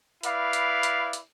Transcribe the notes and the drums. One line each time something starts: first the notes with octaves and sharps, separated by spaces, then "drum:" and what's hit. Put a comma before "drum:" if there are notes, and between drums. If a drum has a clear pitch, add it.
E4 B4 D5 F5, drum: hi-hat
drum: hi-hat
drum: hi-hat
drum: hi-hat